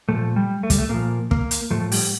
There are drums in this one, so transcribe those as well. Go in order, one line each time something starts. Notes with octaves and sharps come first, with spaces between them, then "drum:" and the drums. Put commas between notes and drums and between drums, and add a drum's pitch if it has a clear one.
A#2 F3 A3
G3
A3
G3, drum: kick, hi-hat
A3
A#2 F3 A#3
A#3, drum: kick
drum: hi-hat
A2 F3 A3
G3, drum: open hi-hat